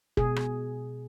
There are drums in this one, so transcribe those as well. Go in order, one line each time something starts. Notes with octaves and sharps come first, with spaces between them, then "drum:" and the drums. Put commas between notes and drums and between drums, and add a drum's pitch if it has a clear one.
B2 G#4, drum: kick
drum: rim click